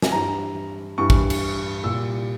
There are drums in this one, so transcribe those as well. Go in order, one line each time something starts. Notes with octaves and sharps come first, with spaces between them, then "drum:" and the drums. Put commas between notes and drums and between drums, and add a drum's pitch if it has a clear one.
G#5, drum: snare
G2 E3 G3 A#5
G2 E3 G3 C#6
drum: kick
drum: cymbal
C2 A#2 G3 E6